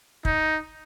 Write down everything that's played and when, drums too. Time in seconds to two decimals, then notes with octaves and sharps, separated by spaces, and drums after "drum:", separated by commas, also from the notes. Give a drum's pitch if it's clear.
0.25 D#4, drum: kick